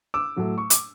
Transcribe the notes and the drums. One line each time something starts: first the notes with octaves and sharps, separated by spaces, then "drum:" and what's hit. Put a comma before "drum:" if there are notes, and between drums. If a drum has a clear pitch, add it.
D6 E6
A2 F#3 A3
C#6
D6, drum: hi-hat